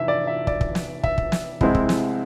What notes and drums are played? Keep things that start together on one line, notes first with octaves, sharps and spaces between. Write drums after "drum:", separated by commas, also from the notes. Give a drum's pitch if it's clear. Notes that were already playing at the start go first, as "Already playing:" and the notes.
Already playing: F1 E3 E5
D5
E5
D5, drum: kick
drum: kick
drum: snare
E5, drum: kick
drum: kick
drum: snare
C2 C3 G#3 C4 E4, drum: kick
drum: kick
drum: snare